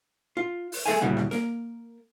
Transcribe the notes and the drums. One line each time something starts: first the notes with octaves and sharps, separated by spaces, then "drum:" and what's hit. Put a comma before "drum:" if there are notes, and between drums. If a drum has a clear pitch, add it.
F4
drum: open hi-hat
A3 G#4 A4 E5 F5 G#5
D2 A#2 C#3 G3 E4 F#5
drum: rim click
A#3 A#4, drum: snare